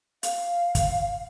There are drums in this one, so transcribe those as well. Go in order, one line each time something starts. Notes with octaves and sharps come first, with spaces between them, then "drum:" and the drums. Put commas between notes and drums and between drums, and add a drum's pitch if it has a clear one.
F5, drum: hi-hat
drum: kick, hi-hat